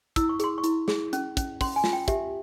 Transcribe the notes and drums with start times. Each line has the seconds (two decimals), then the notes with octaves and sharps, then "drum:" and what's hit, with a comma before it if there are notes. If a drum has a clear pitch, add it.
0.16 E4 E6, drum: kick, hi-hat
0.29 C#6
0.40 G#4 C6, drum: hi-hat
0.58 C#6
0.64 E4, drum: hi-hat
0.88 G#4, drum: snare
1.13 C#4, drum: hi-hat
1.37 C#4, drum: kick, hi-hat
1.61 C#4 C6, drum: kick, open hi-hat
1.76 G#5
1.84 F4, drum: snare
1.93 G5
2.08 G4 E5, drum: kick, hi-hat